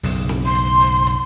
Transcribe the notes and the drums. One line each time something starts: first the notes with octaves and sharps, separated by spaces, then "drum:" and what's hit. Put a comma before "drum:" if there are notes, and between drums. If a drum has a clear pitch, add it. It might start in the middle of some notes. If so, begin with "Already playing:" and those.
B1 F#2 C#3, drum: open hi-hat
drum: snare C4
C6
drum: hi-hat
drum: hi-hat